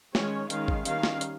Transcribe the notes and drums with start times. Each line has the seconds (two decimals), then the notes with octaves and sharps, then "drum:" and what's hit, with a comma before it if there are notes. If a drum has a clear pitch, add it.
0.15 D#3 G#3 C#4 C#5, drum: snare
0.50 D#3 G#3 C#4 F5, drum: hi-hat
0.68 drum: kick G#1
0.85 D#3 G3 A#3 C#4 F5, drum: hi-hat
1.03 drum: snare
1.21 drum: hi-hat